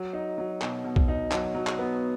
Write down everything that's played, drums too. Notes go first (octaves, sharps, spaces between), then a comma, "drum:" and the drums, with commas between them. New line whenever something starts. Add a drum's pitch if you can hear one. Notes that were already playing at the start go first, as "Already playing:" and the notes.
Already playing: F#3
D#4
F#3
B2, drum: clap
B2
drum: kick
D#4
F#3, drum: clap
F#3
drum: clap
B3